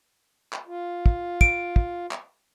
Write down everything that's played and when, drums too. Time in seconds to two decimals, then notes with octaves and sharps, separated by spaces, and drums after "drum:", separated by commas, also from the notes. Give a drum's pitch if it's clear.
0.53 drum: clap
0.67 F4
1.06 drum: kick
1.41 D7, drum: kick
1.76 drum: kick
2.11 drum: clap